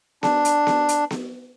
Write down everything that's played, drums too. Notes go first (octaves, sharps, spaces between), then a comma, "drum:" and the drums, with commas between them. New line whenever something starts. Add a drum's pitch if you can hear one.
D4, drum: snare B3
drum: hi-hat
drum: snare B3
drum: hi-hat
drum: snare B3